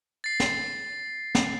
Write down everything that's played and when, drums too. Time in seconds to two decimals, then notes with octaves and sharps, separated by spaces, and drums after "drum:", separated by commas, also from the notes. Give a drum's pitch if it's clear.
0.24 A6 C7
0.40 drum: snare
1.35 drum: snare